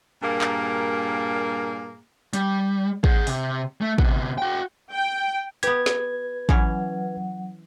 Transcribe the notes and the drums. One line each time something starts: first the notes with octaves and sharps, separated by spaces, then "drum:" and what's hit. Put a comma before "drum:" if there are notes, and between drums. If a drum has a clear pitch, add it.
G2 A#2 A#3 G#4 A#4
drum: clap
G3, drum: hi-hat
G#4 F#5, drum: kick
C3, drum: open hi-hat
A3
C3 B3, drum: kick
F#4 G5
G5
B3 G4 B4 G#6, drum: hi-hat
drum: snare
E3 F#3 C#4 F#5, drum: kick